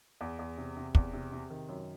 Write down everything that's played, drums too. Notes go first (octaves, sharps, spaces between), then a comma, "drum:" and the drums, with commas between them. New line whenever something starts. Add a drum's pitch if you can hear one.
E2
E2
C3
C3
E2, drum: kick
C3
C3
D#3
F#2